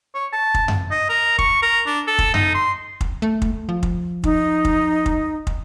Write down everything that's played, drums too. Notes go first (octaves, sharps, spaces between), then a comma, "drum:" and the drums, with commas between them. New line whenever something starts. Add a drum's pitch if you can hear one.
C#5
A5
drum: kick
drum: tom F#2
D#5
A#4
C#6, drum: kick
A#4
D4
A4
drum: kick
D#4, drum: tom F#2
C6
drum: kick
A3
drum: kick
F3
drum: kick
D#4, drum: kick
drum: kick
drum: kick
drum: kick